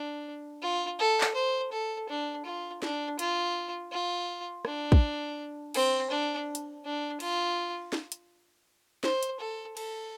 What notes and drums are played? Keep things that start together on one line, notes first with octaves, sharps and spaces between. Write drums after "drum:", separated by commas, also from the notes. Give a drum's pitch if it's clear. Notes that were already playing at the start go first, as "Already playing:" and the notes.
Already playing: D4
F4
A4
drum: clap
C5
A4
D4
F4
D4, drum: snare
F4, drum: hi-hat
F4
D4, drum: rim click
drum: kick
C4, drum: cymbal
D4
drum: hi-hat
D4
F4, drum: cymbal
drum: snare
drum: hi-hat
C5, drum: snare
drum: hi-hat
A4
A4, drum: cymbal